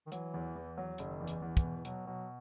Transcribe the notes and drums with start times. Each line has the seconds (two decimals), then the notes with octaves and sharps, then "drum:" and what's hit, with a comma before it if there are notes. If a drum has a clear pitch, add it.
0.06 D#3
0.12 E3 F#3, drum: hi-hat
0.34 E2
0.56 E2
0.78 F#3
0.98 F#1 D#3, drum: hi-hat
1.21 E2
1.27 E3, drum: hi-hat
1.42 E2
1.57 E3, drum: kick, hi-hat
1.63 B2
1.77 E3
1.85 B2 F#3, drum: hi-hat
2.07 B2 F#3